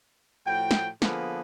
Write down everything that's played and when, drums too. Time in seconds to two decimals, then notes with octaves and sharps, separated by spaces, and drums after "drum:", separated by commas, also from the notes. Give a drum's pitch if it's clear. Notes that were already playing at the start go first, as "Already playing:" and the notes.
0.46 A2 F3 F#4 G5
0.71 drum: snare
1.02 D3 F3 A#3 B3 G#4 B4, drum: snare